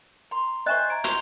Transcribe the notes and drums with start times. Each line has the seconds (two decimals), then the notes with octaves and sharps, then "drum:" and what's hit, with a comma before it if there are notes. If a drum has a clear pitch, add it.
0.31 A#5 C6
0.66 C5 D#5 E5 G#5 C#6 F#6
0.90 A#5 G#6 D7
1.04 F#4 C5 C6 C#6 F7 G7, drum: hi-hat